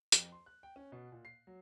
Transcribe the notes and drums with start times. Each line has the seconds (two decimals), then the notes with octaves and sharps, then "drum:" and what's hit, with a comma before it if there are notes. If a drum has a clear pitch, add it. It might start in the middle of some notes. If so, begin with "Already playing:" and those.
0.12 F2, drum: hi-hat
0.32 C6
0.46 F#6
0.63 G5
0.76 C#4
0.92 B2
1.12 A#2
1.25 C7
1.47 F#3